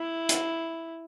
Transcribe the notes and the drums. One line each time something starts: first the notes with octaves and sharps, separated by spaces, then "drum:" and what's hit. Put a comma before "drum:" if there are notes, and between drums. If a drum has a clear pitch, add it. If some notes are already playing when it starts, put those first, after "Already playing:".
Already playing: E4
drum: hi-hat